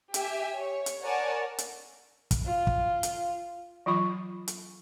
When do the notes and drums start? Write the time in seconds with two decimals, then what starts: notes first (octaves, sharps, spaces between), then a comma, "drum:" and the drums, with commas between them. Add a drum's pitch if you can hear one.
0.14 G4 E5 G#5, drum: hi-hat
0.56 C#5
0.86 drum: hi-hat
1.03 A#4 C#5 D5 F#5 G#5 A5
1.58 drum: hi-hat
2.31 drum: kick, hi-hat
2.45 F4
2.67 drum: kick
3.03 drum: hi-hat
3.86 E3 F#3 F4 B5 C#6
4.48 drum: hi-hat